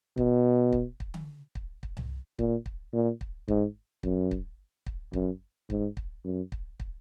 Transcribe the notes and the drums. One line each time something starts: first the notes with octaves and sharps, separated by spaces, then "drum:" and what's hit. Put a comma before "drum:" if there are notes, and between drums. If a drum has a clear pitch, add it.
B2, drum: kick
drum: kick
drum: kick
drum: tom D3
drum: kick
drum: kick
drum: tom C2
A#2, drum: kick
drum: kick
A#2
drum: kick
G#2, drum: kick
F#2, drum: kick
drum: kick
drum: kick
F#2, drum: kick
G#2, drum: kick
drum: kick
F#2
drum: kick
drum: kick